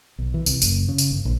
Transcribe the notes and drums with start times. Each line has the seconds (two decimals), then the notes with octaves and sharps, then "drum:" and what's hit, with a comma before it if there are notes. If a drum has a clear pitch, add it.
0.18 B1
0.34 E3
0.46 C2, drum: tambourine
0.62 F#1, drum: tambourine
0.88 C#3
0.98 drum: tambourine
1.11 G1
1.25 A#1